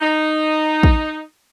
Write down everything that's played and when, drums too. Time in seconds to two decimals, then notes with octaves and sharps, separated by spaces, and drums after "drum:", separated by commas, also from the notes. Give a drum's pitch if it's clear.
0.01 D#4
0.83 drum: kick